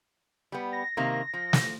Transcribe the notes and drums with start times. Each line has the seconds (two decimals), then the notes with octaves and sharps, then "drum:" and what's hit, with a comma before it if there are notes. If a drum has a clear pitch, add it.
0.52 G3 B3
0.73 A#6
0.97 C3 D#3 A#3
1.34 F3
1.53 drum: snare